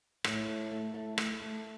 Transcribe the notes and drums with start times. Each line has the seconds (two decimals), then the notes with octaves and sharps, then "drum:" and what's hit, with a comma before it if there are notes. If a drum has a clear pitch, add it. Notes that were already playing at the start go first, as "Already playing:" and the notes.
0.24 A2, drum: rim click
0.48 A3
0.71 A3
0.94 A3
1.18 A3, drum: rim click
1.41 A3